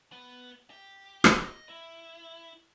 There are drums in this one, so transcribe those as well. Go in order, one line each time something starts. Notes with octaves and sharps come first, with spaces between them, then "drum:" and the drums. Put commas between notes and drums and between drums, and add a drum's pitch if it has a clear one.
B3
G4
drum: rim click
D#5
E4